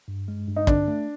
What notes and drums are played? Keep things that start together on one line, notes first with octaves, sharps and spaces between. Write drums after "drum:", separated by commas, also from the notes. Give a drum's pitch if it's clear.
G2
G#3
G2
D#4
D3 D4, drum: kick
A3